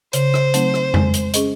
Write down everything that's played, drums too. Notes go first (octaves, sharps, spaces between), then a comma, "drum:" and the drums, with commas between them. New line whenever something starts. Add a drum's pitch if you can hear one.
C#3 C5, drum: hi-hat
drum: rim click
F#3 A3 C4 D#4, drum: hi-hat
drum: rim click
G#3, drum: tom F2
drum: hi-hat
C#4 G#4 D#5, drum: hi-hat